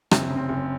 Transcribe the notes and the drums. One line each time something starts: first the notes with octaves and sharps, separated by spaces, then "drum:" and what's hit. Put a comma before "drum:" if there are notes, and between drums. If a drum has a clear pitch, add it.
F#1 C4, drum: rim click
C4
C#3
C4
F#1